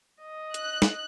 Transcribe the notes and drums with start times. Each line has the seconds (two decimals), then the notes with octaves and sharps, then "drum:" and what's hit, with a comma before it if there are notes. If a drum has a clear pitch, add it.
0.22 D#5
0.54 F#6, drum: hi-hat
0.82 drum: snare